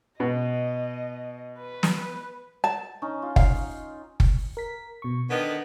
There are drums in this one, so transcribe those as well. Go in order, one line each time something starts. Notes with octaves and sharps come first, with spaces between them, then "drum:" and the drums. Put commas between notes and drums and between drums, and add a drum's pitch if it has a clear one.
B2 D#5
B4
drum: snare
A5
C#4 D#4
F4
F5, drum: kick F#1
drum: kick F#1
A#4 B6
B2 C#6
D3 D#3 B3 B6